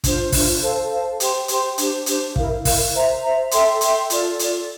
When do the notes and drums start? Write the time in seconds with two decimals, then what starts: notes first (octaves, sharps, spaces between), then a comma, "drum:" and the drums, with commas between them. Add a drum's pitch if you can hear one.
0.04 D4 F4 C5, drum: kick, hi-hat
0.32 D4 F4 C5, drum: kick, open hi-hat
0.62 A4 C5 F5 A5
0.90 A4 C5 F5 A5
1.20 G4 C5 G5 C6, drum: hi-hat
1.48 G4 C5 G5 C6, drum: hi-hat
1.78 D4 G4 C5, drum: hi-hat
2.06 D4 G4 C5, drum: hi-hat
2.36 E4 A#4 F5, drum: kick
2.65 E4 A#4 F5, drum: kick, open hi-hat
2.94 C5 E5 A#5
3.22 C5 E5 A#5
3.51 A4 E5 G5 C6, drum: hi-hat
3.81 A4 E5 G5 C6, drum: hi-hat
4.10 F4 A4 D5, drum: hi-hat
4.39 F4 A4 D5, drum: hi-hat